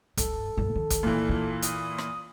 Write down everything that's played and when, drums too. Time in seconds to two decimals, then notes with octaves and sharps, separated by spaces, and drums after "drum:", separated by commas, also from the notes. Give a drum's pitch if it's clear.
0.17 G2 A4, drum: kick, hi-hat
0.57 B1 G2
0.75 D#3
0.90 drum: kick, hi-hat
1.03 A#2 E3
1.29 F4
1.62 D#6, drum: hi-hat
1.98 drum: rim click